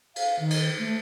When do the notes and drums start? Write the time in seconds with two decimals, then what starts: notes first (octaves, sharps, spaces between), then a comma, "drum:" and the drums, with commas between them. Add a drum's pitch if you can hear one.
0.16 F5, drum: cymbal
0.40 D#3
0.50 drum: cymbal
0.79 A3